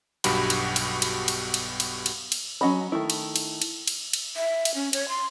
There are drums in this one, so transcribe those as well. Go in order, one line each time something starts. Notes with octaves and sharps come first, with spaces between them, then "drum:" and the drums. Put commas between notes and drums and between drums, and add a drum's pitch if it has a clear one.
B1 G2 B2 F#4 G4 B5, drum: cymbal
drum: cymbal
drum: cymbal
drum: cymbal
drum: cymbal
drum: cymbal
drum: cymbal
drum: cymbal
drum: cymbal
F#3 C#4 D#5 F#5 B5
D#3 A3 E4
drum: cymbal
drum: cymbal
drum: cymbal
drum: cymbal
drum: cymbal
E5
drum: cymbal
C#4
C#5, drum: cymbal
C6